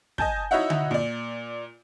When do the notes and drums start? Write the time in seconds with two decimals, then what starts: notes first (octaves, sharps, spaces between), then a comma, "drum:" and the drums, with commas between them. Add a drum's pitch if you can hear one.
0.18 D#5 G#5 A5 G6, drum: kick
0.51 D#4 E4 F#4 C#5 E5 F#5
0.70 drum: tom D3
0.91 A#2 D5